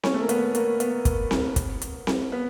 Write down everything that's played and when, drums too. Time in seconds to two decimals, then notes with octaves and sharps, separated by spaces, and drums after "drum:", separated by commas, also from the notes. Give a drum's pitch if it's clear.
0.04 C#4, drum: snare C4
0.14 A3
0.21 A#3
0.29 B3, drum: hi-hat
0.55 A#3, drum: hi-hat
0.80 B3, drum: hi-hat
1.05 drum: kick, hi-hat
1.31 drum: snare C4
1.56 drum: kick, hi-hat
1.82 drum: hi-hat
2.07 drum: snare C4
2.32 B3